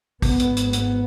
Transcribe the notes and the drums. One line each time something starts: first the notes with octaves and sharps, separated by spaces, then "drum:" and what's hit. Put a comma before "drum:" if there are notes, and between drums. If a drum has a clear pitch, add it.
G#1 G#2 B3, drum: kick, open hi-hat
drum: hi-hat
drum: hi-hat
B3, drum: hi-hat